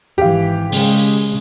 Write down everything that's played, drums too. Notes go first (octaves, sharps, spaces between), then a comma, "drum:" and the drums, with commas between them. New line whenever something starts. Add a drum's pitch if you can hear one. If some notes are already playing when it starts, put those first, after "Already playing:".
G#1 E3 G4 F5
C#3 G#3, drum: open hi-hat